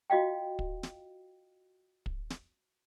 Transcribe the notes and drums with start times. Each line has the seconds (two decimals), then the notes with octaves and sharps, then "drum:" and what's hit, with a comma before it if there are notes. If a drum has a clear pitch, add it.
0.10 F4 F#4 D#5 F5 G5
0.59 drum: kick
0.83 drum: snare
2.06 drum: kick
2.30 drum: snare